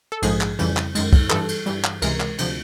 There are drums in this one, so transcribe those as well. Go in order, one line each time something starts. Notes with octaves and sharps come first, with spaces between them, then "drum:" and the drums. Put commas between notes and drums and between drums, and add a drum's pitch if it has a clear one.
A4
A#1 G#2 F3 G#3 G#4, drum: cymbal
drum: clap
F2 C#3 E3 G3, drum: cymbal
drum: clap
F#2 D#3 G#3, drum: cymbal
drum: kick, cymbal
G2 E3 G3 A4, drum: clap
drum: cymbal
G2 E3 G3, drum: cymbal
drum: clap
C#2 C3 E3 G#3 A#4, drum: cymbal
drum: clap
D2 C3 F3, drum: cymbal